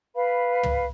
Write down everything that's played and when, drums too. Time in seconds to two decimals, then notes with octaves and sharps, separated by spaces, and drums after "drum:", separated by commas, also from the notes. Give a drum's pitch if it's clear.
0.15 B4 F5 B5
0.63 drum: tom